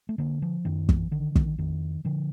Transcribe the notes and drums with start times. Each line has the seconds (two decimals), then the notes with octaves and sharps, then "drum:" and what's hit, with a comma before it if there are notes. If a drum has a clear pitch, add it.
0.09 A3
0.18 D3 A#3
0.42 F3
0.65 F#2 D#3
0.89 E3, drum: kick
1.11 D3 D#3
1.35 D#3, drum: kick
1.58 F2 D#3
2.05 D3 F3